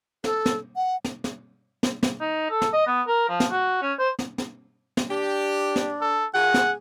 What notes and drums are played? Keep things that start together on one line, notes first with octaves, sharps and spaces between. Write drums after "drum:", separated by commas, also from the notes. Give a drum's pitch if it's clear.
A4, drum: snare
drum: snare
F#5
drum: snare
drum: snare
drum: snare
drum: snare
D#4
A4
drum: snare
D#5
B3
A#4
F3
drum: snare
F#4
C#4
C5
drum: snare
drum: snare
drum: snare
D4 G4
drum: snare
A4
D#3 F4 F#4 G#4 F#5
drum: snare